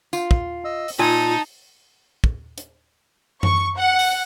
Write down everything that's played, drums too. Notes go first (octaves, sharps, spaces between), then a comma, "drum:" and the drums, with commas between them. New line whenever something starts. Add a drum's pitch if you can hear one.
F4, drum: tambourine
drum: kick
D#5 E6
drum: open hi-hat
A#2 D#4 F4 G#5 A5
drum: kick
drum: hi-hat
C#6, drum: tom F#2
F#5
drum: open hi-hat